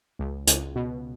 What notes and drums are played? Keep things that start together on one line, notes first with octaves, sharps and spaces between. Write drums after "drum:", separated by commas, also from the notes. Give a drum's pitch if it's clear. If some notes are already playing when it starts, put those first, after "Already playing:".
C#2
C#2, drum: hi-hat
B2